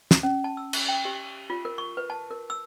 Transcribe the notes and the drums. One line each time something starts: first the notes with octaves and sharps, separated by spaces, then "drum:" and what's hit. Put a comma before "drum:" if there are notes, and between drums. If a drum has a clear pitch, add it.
drum: snare
C#4
A5
E6
drum: cymbal
G5
G4
F4
A#4
C#6
B4
A5
A#4
E6